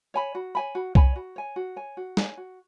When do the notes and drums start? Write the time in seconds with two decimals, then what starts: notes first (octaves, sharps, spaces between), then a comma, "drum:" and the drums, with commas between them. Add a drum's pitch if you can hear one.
0.14 C#5 G#5 B5
0.35 F#4
0.55 C#5 G#5 B5
0.75 F#4
0.95 C#5 G#5 B5, drum: kick C2
1.16 F#4
1.36 C#5 G#5
1.56 F#4
1.76 C#5 G#5
1.97 F#4
2.17 C#5 G#5, drum: snare
2.37 F#4